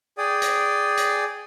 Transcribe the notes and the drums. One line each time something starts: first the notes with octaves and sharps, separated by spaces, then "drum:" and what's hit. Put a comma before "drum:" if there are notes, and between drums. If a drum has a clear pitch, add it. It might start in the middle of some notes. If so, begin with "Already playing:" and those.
G#4 D5 G5 D#6
drum: hi-hat
drum: hi-hat